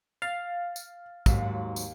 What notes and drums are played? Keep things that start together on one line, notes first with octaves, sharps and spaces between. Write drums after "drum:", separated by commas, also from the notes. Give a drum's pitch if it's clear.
F5 A6
drum: tambourine
D#2 G#2 F#3, drum: kick, tambourine
drum: tambourine